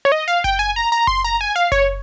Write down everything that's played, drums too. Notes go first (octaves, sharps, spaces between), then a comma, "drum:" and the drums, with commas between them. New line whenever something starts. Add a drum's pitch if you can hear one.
C#5
D#5
F5, drum: hi-hat
G5, drum: kick F#1, hi-hat
G#5, drum: hi-hat
A#5
A#5, drum: hi-hat
C6, drum: kick F#1
A#5, drum: hi-hat
G#5
F5, drum: hi-hat
C#5, drum: kick F#1, hi-hat